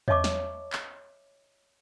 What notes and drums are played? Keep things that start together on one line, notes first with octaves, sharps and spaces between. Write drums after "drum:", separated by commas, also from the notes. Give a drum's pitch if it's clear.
C#5 D#5 E5 A5 C#6 D6, drum: tom E2
drum: snare
drum: clap